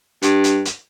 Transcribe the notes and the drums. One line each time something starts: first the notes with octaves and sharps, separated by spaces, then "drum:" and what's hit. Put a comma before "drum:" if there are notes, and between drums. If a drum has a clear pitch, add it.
G2, drum: hi-hat
drum: hi-hat
drum: hi-hat